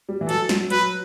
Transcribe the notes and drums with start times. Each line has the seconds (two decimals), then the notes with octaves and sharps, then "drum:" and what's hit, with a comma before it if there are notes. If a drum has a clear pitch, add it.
0.09 G3
0.21 E3
0.29 F#3 A4, drum: cymbal
0.49 F#3, drum: snare
0.70 F#3 B4, drum: cymbal